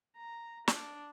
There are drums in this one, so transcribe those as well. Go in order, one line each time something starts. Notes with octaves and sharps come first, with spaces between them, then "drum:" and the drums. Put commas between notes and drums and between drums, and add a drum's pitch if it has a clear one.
A#5
D4, drum: snare